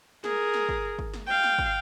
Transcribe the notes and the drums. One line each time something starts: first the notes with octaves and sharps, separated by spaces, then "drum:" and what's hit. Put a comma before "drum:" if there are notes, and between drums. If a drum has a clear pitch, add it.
G#4 A#4, drum: snare
drum: snare
drum: kick
drum: kick
drum: snare
F5 G5
drum: snare
drum: kick